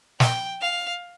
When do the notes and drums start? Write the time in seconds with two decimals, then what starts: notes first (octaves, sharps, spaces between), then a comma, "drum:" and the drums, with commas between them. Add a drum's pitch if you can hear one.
0.20 G5, drum: snare
0.61 F5